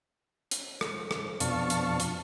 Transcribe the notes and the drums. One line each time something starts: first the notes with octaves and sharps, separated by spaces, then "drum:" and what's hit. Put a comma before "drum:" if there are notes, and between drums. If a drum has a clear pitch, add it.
drum: hi-hat
drum: rim click
drum: rim click
F2 B2 D4 F5 A5 C#6, drum: hi-hat
drum: hi-hat
drum: hi-hat